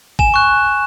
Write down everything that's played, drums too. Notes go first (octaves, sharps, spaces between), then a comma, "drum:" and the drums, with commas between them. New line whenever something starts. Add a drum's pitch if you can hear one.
G#5 E7, drum: kick G#1
C#6 F#6